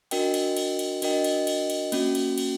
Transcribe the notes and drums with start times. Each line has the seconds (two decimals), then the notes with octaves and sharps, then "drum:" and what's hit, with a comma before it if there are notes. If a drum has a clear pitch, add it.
0.11 D4 F#4 A#4 D#5 G5, drum: cymbal
0.34 drum: cymbal
0.57 drum: cymbal
0.79 drum: cymbal
1.02 D4 F#4 A#4 D#5 G5, drum: cymbal
1.24 drum: cymbal
1.47 drum: cymbal
1.70 drum: cymbal
1.92 A#3 C#4 F#4, drum: cymbal
2.15 drum: cymbal
2.38 drum: cymbal